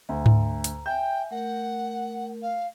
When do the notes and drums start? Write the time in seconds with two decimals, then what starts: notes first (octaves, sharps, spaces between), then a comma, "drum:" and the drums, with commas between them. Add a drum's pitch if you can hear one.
0.09 D2 A#5
0.26 drum: tom G#2
0.64 drum: hi-hat
0.86 E5 G5 G#5 G6
1.31 A3 A#4 F#5
2.42 F5